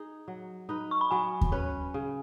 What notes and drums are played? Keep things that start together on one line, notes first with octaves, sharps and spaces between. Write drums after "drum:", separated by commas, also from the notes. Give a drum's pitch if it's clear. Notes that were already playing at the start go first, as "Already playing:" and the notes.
Already playing: D#4 G#4
F#3
D#4 B4
C#6
B5
F#3 G#5
drum: kick D#2
C#4 B4
C#3